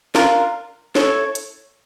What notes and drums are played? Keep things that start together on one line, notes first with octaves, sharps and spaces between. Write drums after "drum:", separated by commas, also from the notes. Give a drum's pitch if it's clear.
D4 F4 A#4, drum: snare
E4 A4 C#5, drum: snare
drum: hi-hat